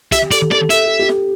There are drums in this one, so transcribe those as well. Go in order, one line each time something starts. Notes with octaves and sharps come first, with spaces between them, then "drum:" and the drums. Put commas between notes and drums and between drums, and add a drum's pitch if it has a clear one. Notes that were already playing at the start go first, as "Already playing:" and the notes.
G4 E5, drum: kick, hi-hat
A4 D5, drum: hi-hat
A4 D5, drum: snare
A4 E5, drum: hi-hat
G4
G4
drum: snare